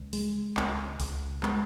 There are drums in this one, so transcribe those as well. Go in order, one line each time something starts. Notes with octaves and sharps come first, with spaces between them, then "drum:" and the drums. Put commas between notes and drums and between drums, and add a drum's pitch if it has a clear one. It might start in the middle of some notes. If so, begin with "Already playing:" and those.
Already playing: C#2
G#3, drum: open hi-hat
C#2, drum: clap
C#2, drum: open hi-hat
G#3, drum: clap